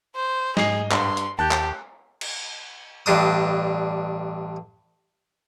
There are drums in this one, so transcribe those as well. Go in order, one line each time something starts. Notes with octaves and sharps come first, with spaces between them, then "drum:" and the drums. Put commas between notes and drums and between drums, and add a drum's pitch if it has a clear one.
C5
G#2 G#4 D#5 C7, drum: snare
G2 C6, drum: clap
drum: hi-hat
D#2 G4 A5 F#6 G6
drum: clap
drum: cymbal
A1 G2 D4 D#6